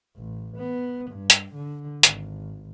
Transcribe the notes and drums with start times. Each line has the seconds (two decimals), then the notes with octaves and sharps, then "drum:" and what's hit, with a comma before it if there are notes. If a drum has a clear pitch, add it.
0.16 A1
0.57 B3
1.11 G2
1.30 drum: hi-hat
1.54 D3
2.03 G#1, drum: hi-hat